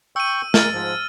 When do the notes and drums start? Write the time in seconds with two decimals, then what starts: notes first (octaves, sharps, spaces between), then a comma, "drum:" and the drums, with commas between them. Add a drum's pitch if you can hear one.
0.16 G5 C#6 E6 G6 D#7
0.54 G#3 A#4 F6 A6 D#7, drum: snare
0.73 G#2 F3